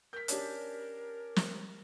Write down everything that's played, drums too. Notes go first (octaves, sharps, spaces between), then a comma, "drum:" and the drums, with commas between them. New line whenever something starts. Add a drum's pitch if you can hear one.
A#4 G6 B6
C#4 D4 G4, drum: hi-hat
drum: snare